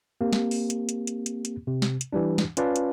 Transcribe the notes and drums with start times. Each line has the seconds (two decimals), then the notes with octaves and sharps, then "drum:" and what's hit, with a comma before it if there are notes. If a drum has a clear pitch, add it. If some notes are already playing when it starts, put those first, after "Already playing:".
0.21 A#3 C4 G4
0.33 drum: snare
0.51 drum: open hi-hat
0.70 drum: hi-hat
0.89 drum: hi-hat
1.07 drum: hi-hat
1.26 drum: hi-hat
1.45 drum: hi-hat
1.67 C3
1.82 drum: snare
2.01 drum: hi-hat
2.13 E3 G3 D4
2.38 drum: snare
2.57 C#4 F4 B4 D5 F5 A5, drum: hi-hat
2.76 drum: hi-hat